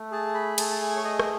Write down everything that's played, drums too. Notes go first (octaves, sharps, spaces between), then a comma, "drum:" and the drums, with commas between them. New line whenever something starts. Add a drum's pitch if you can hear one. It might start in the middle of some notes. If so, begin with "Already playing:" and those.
Already playing: A3
G#4 A5
B5
A3 A5, drum: cymbal
A5
G#5
C#5
G#4 D#5
drum: rim click